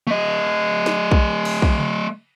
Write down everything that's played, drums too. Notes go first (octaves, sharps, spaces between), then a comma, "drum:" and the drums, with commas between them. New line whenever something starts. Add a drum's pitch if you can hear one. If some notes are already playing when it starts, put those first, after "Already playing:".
A3 D#5
drum: snare
drum: kick
drum: cymbal
drum: kick
drum: tom C#3